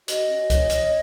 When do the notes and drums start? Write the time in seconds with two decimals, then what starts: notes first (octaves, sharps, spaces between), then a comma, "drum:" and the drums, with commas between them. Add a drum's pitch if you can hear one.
0.08 F#4 D#5, drum: hi-hat
0.29 C#4
0.50 C#5, drum: kick C#2, hi-hat
0.70 C#5, drum: hi-hat